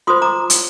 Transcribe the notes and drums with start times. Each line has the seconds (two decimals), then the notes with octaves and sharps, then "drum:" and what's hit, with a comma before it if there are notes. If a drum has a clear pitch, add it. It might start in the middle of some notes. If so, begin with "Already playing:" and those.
0.07 F4 C5 C6 D#6
0.22 A#5 D6
0.50 drum: hi-hat